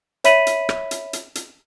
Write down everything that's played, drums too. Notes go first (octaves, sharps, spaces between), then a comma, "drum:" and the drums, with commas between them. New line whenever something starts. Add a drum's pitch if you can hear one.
C#5 E5 B5 B6 D#7 F#7, drum: hi-hat
drum: hi-hat
drum: rim click
drum: hi-hat
drum: hi-hat
drum: hi-hat